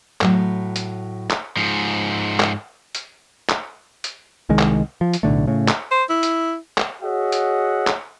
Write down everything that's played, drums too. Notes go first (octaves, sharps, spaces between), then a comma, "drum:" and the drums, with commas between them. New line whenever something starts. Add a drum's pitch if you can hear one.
A2 F#3, drum: clap
drum: hi-hat
drum: clap
G#2 F3
drum: clap
drum: hi-hat
drum: clap
drum: hi-hat
C2 D#3 G#3
drum: clap
F3
drum: hi-hat
B1 A2 D3 A3
A2 C#3
drum: clap
C5
E4
drum: hi-hat
drum: clap
F#4 G#4 C#5 D#5 E5 F#5
drum: hi-hat
drum: clap